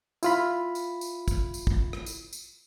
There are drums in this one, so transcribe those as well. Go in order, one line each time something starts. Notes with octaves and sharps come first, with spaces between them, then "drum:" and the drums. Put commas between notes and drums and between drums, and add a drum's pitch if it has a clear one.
E4 F4 B5, drum: tambourine
drum: tambourine
drum: tambourine
drum: kick, tambourine
drum: tambourine
drum: kick
drum: rim click
drum: tambourine
drum: tambourine